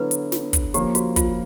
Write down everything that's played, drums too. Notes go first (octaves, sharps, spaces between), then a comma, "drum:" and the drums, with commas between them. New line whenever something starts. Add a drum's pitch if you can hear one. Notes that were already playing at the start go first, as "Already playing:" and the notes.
Already playing: D3 F#3 B3 E4 B4
drum: hi-hat
drum: snare
drum: kick, hi-hat
F3 A#3 C#4 G4, drum: hi-hat
F#4, drum: hi-hat
F4, drum: kick, hi-hat